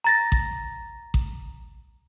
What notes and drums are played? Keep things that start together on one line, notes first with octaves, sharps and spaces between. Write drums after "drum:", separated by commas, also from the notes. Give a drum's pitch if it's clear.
A#5 A6 A#6
drum: kick A1
drum: kick A1